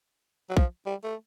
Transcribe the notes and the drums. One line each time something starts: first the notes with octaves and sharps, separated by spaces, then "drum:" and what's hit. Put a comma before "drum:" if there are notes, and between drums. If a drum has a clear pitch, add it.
F#3
F3, drum: kick
G3
A3